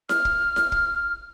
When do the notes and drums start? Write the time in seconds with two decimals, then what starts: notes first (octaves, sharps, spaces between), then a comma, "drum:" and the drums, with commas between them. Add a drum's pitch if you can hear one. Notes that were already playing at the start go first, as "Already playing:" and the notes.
0.09 F6, drum: snare E4
0.25 drum: kick
0.56 drum: snare E4
0.72 drum: kick